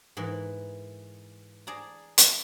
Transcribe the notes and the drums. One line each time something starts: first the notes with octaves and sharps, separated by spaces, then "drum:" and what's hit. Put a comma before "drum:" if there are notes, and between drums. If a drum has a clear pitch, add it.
G#2 E3 A#4
G#4 D5 A5 A#5
drum: hi-hat